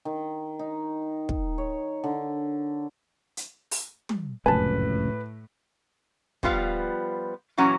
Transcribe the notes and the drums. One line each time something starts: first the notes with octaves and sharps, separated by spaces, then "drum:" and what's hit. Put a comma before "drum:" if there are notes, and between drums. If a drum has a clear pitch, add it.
D#3
D#4
drum: kick
C#5
D3
drum: hi-hat
drum: open hi-hat
drum: tom
F1 C#2 F#2 A2 B4 G#5 A5
F3 G3 B3 F4 B4 F5, drum: kick
A#2 E3 F#3 C#4 F#4 A#5